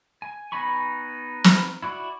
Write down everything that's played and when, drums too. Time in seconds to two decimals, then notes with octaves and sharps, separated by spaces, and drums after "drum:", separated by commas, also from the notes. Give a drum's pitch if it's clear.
0.22 G#5
0.52 B3 D#4 G#5 B5 C#6
1.44 drum: snare
1.83 E4 F#4 D5